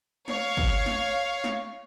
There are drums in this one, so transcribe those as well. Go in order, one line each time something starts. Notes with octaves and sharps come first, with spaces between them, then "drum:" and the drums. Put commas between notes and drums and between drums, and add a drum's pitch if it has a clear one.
C#5 F5, drum: snare
drum: kick
drum: snare
drum: snare